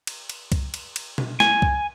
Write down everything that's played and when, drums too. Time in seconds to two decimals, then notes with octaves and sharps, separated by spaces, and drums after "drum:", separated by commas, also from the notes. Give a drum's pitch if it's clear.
0.07 drum: cymbal
0.30 drum: cymbal
0.52 drum: kick C2, cymbal
0.74 drum: cymbal
0.96 drum: cymbal
1.18 drum: tom B2
1.40 G#5, drum: snare
1.62 drum: kick C2